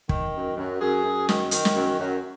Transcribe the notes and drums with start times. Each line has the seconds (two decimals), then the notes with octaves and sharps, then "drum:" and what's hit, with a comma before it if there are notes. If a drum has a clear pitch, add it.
0.09 D#3, drum: kick
0.34 F#2
0.57 F#2
0.80 F#2 G#4
1.05 F#2
1.29 D#3, drum: snare
1.51 D#3, drum: hi-hat
1.65 drum: snare
1.75 F#2
1.99 F#2